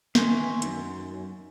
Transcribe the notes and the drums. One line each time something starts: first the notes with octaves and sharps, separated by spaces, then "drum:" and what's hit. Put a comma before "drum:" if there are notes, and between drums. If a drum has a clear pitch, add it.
D#3 E3 G#5 C6 C#6, drum: snare
F#2 D#4, drum: hi-hat